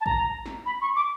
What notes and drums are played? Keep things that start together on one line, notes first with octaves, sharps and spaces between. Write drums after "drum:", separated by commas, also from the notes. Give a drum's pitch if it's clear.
A5
A#5, drum: kick
drum: snare
B5
C#6
D6